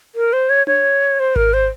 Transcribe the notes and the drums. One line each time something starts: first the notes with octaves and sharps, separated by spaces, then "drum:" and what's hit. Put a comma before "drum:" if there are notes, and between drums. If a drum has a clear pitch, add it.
A#4
C5
C#5
C#5, drum: tom D4
C5
A#4, drum: kick G#1
C5